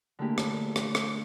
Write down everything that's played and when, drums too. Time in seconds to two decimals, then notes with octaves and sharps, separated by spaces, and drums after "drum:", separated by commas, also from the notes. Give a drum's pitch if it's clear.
0.19 D3 A3 A#3 E4 G4 G#4
0.38 drum: rim click
0.76 drum: rim click
0.95 drum: rim click